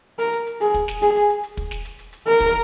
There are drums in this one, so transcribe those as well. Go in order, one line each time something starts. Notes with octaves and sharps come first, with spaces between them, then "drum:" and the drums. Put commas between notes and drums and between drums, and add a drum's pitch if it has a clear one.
A#4, drum: hi-hat
drum: hi-hat
drum: hi-hat
G#4, drum: hi-hat
drum: kick, hi-hat
drum: snare
G#4, drum: hi-hat
drum: hi-hat
drum: hi-hat
drum: hi-hat
drum: kick, hi-hat
drum: snare
drum: hi-hat
drum: hi-hat
drum: hi-hat
A#4, drum: hi-hat
drum: kick, hi-hat